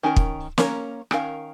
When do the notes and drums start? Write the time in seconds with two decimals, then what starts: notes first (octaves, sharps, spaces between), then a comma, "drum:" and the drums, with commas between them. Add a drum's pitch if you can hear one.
0.03 D#3 C#4 A#4
0.16 drum: kick
0.58 A#3 C#4 A#4 C#5, drum: snare
1.11 D#3 C#4 A#4 F5, drum: rim click